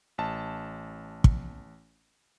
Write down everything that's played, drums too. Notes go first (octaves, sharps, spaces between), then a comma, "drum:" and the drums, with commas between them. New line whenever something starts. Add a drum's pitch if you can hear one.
A1 A5
drum: kick